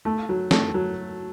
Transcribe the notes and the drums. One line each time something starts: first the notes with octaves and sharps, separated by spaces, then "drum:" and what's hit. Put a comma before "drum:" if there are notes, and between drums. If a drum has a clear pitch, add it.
A3
F#3
A3, drum: snare
F#3